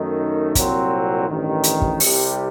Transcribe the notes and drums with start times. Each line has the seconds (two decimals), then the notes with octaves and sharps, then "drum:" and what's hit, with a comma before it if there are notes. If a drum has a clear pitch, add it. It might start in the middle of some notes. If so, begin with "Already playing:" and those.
Already playing: F#2 D#3 A3 D#4
0.55 C2 A#2 F#3 C4, drum: kick, hi-hat
1.28 A1 G2 D#3
1.64 drum: hi-hat
1.82 drum: kick
2.00 C2 C3 G3, drum: open hi-hat